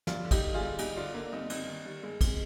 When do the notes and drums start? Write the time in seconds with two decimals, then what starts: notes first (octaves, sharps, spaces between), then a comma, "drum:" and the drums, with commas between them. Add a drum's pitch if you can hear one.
0.07 G2 D4 F4, drum: snare
0.25 D3
0.31 D#4 G4, drum: kick, cymbal
0.43 D3
0.54 F4 G#4
0.61 G2
0.78 G2 D#4 G4, drum: cymbal
0.96 D3 D4 F4
1.14 D3 A#3 D4
1.32 G2 C4 D#4
1.50 G2 C4 D#4, drum: cymbal
1.68 D#3
1.85 D#3 G3
2.03 G2 G#3
2.21 G#3 C4, drum: kick, cymbal